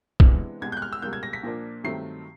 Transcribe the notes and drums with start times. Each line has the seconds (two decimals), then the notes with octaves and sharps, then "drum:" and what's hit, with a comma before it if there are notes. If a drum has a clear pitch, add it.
0.20 C3 E3 G#3 B3 D4, drum: kick
0.61 C2 B2 G#3 G#6
0.72 F#6 G6
0.82 F6
0.93 E6
1.02 C#2 B2 G3 A#3 G6
1.13 G#6
1.23 A#6
1.33 B6
1.43 A#2 F3 A#3 D4
1.84 G2 D#3 F#3 A3 C4 C7